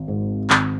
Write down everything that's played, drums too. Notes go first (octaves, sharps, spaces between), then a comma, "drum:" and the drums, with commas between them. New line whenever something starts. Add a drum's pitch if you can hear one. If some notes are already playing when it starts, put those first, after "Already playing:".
Already playing: G#1
G#2
G#1, drum: clap